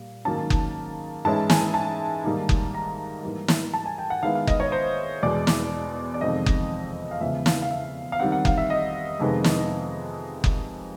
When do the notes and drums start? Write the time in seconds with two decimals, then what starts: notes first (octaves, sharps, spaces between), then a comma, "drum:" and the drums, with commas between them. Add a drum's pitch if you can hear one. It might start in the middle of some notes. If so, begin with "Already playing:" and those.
Already playing: A#2 G3
0.25 G#2 D#3 F#3 A#3 C#4 A5
0.50 drum: kick F#1
1.25 G#2 E3 G#3 C#4 E4 A5
1.50 G#5, drum: snare
1.74 A5
2.24 G#2 D#3 G3 A#3 D#4
2.49 drum: kick F#1
2.74 A#5
3.23 G#2 E3 G3 A#3
3.48 drum: snare
3.74 A5
3.86 G#5
3.98 G5
4.10 F#5
4.23 D#3 G#3 B3 E4 F5
4.35 F5
4.47 D#5, drum: kick F#1
4.60 C#5
4.72 C5
5.23 E2 B2 G#3 D5
5.47 drum: snare
6.14 D5
6.21 F2 C3 D#3 G#3 C4 D#5
6.46 drum: kick F#1
7.11 F5
7.21 E2 C#3 F3 G#3 B3 E5
7.46 F5, drum: snare
7.62 F5
7.71 E5
8.12 F5
8.20 D#3 G3 C4 F#5
8.32 F#5
8.45 F5, drum: kick F#1
8.58 E5
8.70 D#5
9.19 F2 C3 D#3 G#3 B3
9.44 drum: snare
10.44 drum: kick F#1